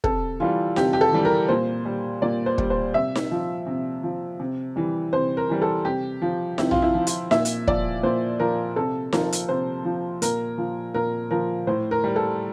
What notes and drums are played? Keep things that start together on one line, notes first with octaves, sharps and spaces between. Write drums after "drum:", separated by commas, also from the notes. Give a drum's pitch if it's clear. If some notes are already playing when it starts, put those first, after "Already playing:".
C3 A4, drum: kick
E3 G3 F4
C3 G4, drum: snare D#4
G4
A4
E3 G3
A#4
A#2 C5
G3
A#2 D5
C5
G3, drum: kick
C5
C3 E5
drum: snare D#4
F3
C3
F3
C3
E3 G3
C3 C5
A#4
E3 G3
A4
C3 G4
F3
C3 E4, drum: snare D#4
F4, drum: tom
E4
F3
F4, drum: hi-hat
A#2 E5, drum: snare D#4
drum: hi-hat
F3 D5, drum: kick
A#2 C5
F3 A#4
C3 A4
F3 A#4, drum: snare D#4
drum: hi-hat
C3 C5
F3
A#2 A#4, drum: hi-hat
F3
A#2 A#4
F3 A#4
A2 C5
A#4
G3
A4